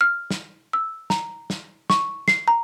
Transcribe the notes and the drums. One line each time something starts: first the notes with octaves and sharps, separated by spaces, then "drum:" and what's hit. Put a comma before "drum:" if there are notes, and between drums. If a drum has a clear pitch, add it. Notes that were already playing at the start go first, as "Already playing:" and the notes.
F6
drum: snare
E6
A#5, drum: snare
drum: snare
C#6, drum: snare
C7, drum: snare
A#5